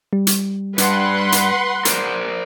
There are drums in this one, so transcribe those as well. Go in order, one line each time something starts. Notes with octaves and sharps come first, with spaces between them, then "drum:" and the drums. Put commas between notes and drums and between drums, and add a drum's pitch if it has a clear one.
G3
drum: hi-hat
G2 B4 F#5 C6, drum: hi-hat
drum: hi-hat
A#4 C5 D5, drum: hi-hat